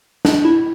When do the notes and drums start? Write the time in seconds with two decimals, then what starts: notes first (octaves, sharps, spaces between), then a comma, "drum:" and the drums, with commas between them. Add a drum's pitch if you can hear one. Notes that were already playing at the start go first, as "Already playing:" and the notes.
0.25 D4, drum: snare
0.45 E4